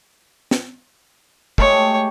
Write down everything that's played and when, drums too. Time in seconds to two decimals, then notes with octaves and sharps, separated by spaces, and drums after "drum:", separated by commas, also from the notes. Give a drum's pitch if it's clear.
0.51 drum: snare
1.58 G#3 A3 G4 C#5, drum: kick